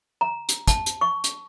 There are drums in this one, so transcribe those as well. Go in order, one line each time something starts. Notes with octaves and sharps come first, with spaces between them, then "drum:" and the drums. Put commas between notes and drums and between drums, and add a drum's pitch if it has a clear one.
A#5
drum: hi-hat
A5, drum: kick, hi-hat
drum: hi-hat
C#6
drum: hi-hat